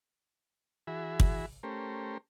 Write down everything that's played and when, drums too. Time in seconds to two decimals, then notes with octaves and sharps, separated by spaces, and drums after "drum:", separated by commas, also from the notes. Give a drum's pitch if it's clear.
0.87 E3 F#4 G#4 E5 B5
1.20 drum: kick
1.63 A3 C#4 G4 A#4 C5